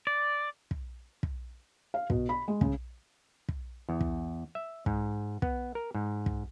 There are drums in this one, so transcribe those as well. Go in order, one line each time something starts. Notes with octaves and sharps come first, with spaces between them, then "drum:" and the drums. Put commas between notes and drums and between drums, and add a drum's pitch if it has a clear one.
D5
drum: kick
drum: kick
F5
B2, drum: kick
B5
G#3
C#3, drum: kick
drum: kick
E2
drum: kick
E5
G#2, drum: kick
B3, drum: kick
A#4
G#2
drum: kick